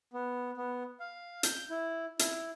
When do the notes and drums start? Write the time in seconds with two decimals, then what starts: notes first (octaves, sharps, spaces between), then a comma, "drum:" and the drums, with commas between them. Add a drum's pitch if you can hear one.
0.13 B3
0.57 B3
1.00 F5
1.43 G6, drum: hi-hat
1.70 E4
2.19 E4, drum: hi-hat